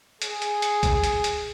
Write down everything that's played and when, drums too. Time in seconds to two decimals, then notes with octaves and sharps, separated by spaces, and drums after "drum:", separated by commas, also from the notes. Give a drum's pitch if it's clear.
0.22 G#4, drum: hi-hat
0.42 drum: hi-hat
0.62 drum: hi-hat
0.83 drum: kick B1, hi-hat
1.04 drum: hi-hat
1.24 drum: hi-hat